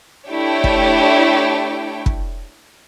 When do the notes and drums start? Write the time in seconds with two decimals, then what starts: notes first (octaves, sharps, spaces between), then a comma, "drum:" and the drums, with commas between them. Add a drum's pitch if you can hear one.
0.28 A3 D4 E4 G4 C#5 G5
0.64 drum: kick
2.06 drum: kick